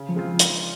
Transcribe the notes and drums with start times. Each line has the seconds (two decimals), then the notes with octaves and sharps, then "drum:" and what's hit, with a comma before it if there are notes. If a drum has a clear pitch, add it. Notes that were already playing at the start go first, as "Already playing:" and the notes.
Already playing: C#3
0.09 F3
0.16 G#3 C4 F4
0.39 drum: hi-hat